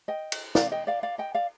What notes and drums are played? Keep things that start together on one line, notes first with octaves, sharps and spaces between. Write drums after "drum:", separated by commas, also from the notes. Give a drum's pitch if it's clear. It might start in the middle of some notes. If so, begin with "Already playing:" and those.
D#5 G5
drum: cymbal
D5 F5, drum: snare
D#5 G5
D5 F5
D5 F5
D#5 G5
D5 F5